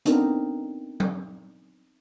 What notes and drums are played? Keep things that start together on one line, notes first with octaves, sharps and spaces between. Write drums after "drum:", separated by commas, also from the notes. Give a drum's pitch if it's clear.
B3 C4 D4 D#4 A#4, drum: hi-hat
drum: tom F#3